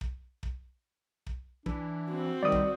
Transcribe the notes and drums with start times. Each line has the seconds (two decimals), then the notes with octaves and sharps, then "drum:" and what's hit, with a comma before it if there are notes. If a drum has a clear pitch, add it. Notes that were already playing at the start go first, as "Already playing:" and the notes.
0.01 drum: kick
0.43 drum: kick
1.27 drum: kick
1.66 E3 D4, drum: kick
2.10 C4 F#4
2.43 D#3 G3 D5 D#6
2.52 drum: kick